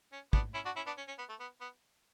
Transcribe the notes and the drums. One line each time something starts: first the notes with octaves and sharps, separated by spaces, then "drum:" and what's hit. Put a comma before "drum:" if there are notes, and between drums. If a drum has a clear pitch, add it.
C#4
B3 D4, drum: kick
C#4 E4
D4 F#4
C#4 E4
B3 D4
C#4
C#4
B3
A3
B3
B3